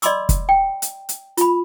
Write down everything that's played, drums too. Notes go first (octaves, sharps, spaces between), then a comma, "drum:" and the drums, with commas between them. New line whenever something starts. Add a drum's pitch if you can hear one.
D5 D#5 B5 C6 D6 E6, drum: hi-hat
drum: kick, hi-hat
G5
drum: hi-hat
drum: hi-hat
F4 B5, drum: hi-hat